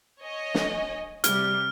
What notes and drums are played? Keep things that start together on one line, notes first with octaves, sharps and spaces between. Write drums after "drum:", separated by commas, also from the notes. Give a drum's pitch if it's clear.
C#5 D#5 G#5
drum: snare
C3 G3 F6, drum: hi-hat